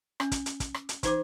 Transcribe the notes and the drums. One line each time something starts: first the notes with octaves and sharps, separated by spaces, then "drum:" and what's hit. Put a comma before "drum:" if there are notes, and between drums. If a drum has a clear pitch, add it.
C#4, drum: rim click
drum: kick, hi-hat
drum: hi-hat
drum: kick, hi-hat
drum: rim click
drum: hi-hat
E3 D#4 C5 D6, drum: kick, hi-hat